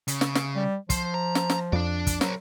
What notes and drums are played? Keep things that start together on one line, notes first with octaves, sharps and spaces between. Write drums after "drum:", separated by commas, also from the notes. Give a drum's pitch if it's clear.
C#3, drum: hi-hat
drum: snare
drum: snare
G3
F3 C5, drum: kick, hi-hat
A#5
drum: snare
drum: snare
F2 D4 D5
drum: kick, hi-hat
F#3 A#4 C5, drum: snare